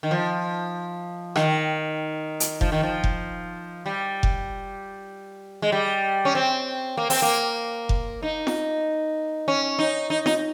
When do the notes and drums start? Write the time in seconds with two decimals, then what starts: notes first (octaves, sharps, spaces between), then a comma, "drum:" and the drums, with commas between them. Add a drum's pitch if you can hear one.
0.03 D#3
0.11 F3
1.36 D#3, drum: rim click
2.40 drum: hi-hat
2.61 F3, drum: kick F1
2.72 D#3
2.83 F3
3.04 drum: kick F1
3.86 G3
4.23 drum: kick F1
5.62 G#3
5.72 G3
6.25 C#4
6.35 C4
6.97 A#3
7.10 C4, drum: open hi-hat
7.22 A#3
7.89 drum: kick F1
8.23 D#4
8.47 drum: snare
9.48 C#4
9.79 D#4
10.10 D#4
10.26 D#4, drum: snare